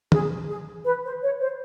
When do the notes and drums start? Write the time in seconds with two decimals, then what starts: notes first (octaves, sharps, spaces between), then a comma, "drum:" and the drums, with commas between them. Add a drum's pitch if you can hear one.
0.12 G#4, drum: tom D#3
0.49 G#4
0.85 B4
1.05 C5
1.23 C#5
1.40 C5